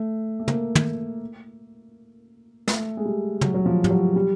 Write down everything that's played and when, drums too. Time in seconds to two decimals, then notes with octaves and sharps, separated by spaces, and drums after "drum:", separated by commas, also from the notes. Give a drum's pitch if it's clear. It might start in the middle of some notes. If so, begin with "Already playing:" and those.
Already playing: A3
0.40 A3
0.48 A#3, drum: tom
0.75 drum: tom
2.68 A3, drum: snare
2.97 G#3
3.05 G3
3.41 F#3, drum: tom
3.54 F#3
3.66 F3
3.84 G3, drum: tom
3.91 F#3
4.16 G3